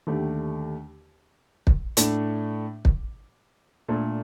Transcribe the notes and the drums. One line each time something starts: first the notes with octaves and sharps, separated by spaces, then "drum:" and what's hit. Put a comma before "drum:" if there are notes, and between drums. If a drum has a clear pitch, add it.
D#2 D3 A3 D4 G4
drum: kick
A2 A3 D4, drum: hi-hat
drum: kick
A#2 A3 D4 A4